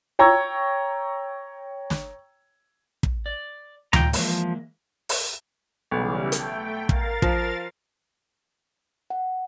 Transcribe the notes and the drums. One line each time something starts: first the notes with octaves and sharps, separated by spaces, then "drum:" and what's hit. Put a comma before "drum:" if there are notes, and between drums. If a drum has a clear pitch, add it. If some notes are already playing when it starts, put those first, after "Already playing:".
C#5 G5 A#5 C#6 E6 G#6
drum: snare
drum: kick
D5
F4 G5 A#5, drum: tom D2
E3 F3 G#3 A#3, drum: open hi-hat
drum: open hi-hat
B1 C#3 E3 G3
A3 G5, drum: hi-hat
A#4 F5 A6, drum: kick
F3, drum: kick
F#5